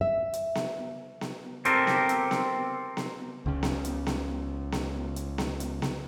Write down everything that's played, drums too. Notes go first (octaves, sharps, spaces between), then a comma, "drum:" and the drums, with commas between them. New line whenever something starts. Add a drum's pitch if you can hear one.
E5
drum: hi-hat
drum: snare B3
drum: snare B3
C4 G4 A4 A#4, drum: hi-hat
drum: snare B3
drum: hi-hat
drum: snare B3
drum: snare B3
C#2 C#3
drum: snare B3
drum: hi-hat
drum: snare B3
drum: snare B3
drum: hi-hat
drum: snare B3
drum: hi-hat
drum: snare B3